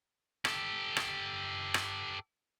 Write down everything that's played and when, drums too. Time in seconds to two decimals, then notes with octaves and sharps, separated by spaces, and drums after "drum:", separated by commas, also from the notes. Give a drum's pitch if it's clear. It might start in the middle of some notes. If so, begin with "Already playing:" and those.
0.45 G4 A4, drum: rim click
0.97 drum: rim click
1.74 drum: rim click